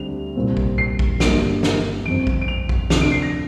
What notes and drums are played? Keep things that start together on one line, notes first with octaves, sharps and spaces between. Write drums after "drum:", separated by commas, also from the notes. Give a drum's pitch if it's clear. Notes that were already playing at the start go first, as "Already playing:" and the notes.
Already playing: D2 D3 G3 C4 F7
C2 A#2 G3 C4
drum: kick A#1
C7
drum: kick A#1
G1 G2 D3 G3 A#3 D7, drum: snare
drum: snare
G1 F2 F3 C4 D7
drum: kick A#1
D7
F7
drum: kick A#1
D2 C3 F3 D4 F7, drum: snare
D7
C7
A#6